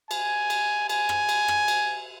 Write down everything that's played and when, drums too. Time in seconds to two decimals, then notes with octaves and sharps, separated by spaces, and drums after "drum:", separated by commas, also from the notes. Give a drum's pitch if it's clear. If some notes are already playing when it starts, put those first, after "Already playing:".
0.11 G#5, drum: cymbal
0.50 drum: cymbal
0.89 G#5, drum: cymbal
1.09 drum: rim click
1.29 drum: cymbal
1.48 drum: rim click
1.68 drum: cymbal